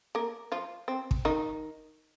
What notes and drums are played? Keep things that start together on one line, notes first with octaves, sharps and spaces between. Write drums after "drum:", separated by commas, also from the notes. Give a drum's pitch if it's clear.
A#3 A#4
F3 F4
C4
drum: kick
D#3 D#4